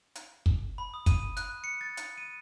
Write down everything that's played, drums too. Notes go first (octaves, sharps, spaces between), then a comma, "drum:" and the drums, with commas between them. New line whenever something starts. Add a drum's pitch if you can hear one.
drum: hi-hat
drum: kick
B5
D#6
D#7, drum: kick, hi-hat
F#6, drum: hi-hat
C#7
A6
drum: hi-hat
D#7